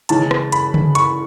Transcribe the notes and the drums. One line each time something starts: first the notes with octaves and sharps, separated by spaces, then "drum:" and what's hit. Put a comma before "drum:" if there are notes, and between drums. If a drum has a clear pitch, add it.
C#3 E3 G#3 C#4 A5, drum: hi-hat
drum: rim click
B5, drum: hi-hat
drum: tom C#3
C#6, drum: hi-hat